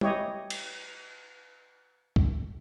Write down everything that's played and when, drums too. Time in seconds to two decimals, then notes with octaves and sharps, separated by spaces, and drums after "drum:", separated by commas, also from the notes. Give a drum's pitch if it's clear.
0.01 E4 G4 C#5 D#5, drum: tom
0.50 drum: cymbal
2.16 drum: kick